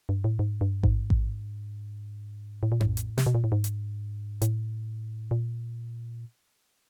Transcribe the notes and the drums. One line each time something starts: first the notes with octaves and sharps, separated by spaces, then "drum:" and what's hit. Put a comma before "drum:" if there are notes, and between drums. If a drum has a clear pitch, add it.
G2
A2
G#2
G2
G#2, drum: kick A1
drum: kick A1
A2
A#2
A2, drum: tom F2
drum: hi-hat
C3, drum: snare
B2
A#2
A2
G#2
drum: hi-hat
A2, drum: hi-hat
A#2